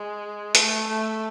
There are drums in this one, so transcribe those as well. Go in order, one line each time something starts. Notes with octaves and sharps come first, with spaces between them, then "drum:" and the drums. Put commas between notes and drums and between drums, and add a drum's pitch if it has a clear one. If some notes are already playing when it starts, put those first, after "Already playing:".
Already playing: G#3
A3, drum: hi-hat
A3